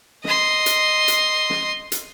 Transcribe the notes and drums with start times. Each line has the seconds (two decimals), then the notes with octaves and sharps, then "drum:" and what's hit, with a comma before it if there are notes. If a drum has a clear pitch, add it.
0.24 D#5 C6, drum: snare
0.66 drum: hi-hat
1.08 drum: hi-hat
1.50 drum: snare
1.92 drum: hi-hat